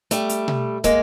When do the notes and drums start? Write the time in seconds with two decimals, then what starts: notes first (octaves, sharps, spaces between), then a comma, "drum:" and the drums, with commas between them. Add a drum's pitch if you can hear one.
0.11 G3 A3, drum: hi-hat
0.29 drum: hi-hat
0.48 drum: tom B2
0.84 G#3 A#3, drum: kick, hi-hat